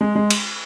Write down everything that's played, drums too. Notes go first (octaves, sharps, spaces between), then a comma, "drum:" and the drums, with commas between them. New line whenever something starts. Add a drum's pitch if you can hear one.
G#3
G#3
drum: cymbal